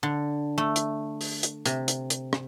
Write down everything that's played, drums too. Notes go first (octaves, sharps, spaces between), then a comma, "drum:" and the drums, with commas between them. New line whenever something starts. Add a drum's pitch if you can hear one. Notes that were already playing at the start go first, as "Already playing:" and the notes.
D3
A3
drum: hi-hat
drum: open hi-hat
drum: hi-hat
C3, drum: hi-hat
drum: hi-hat
drum: hi-hat
drum: rim click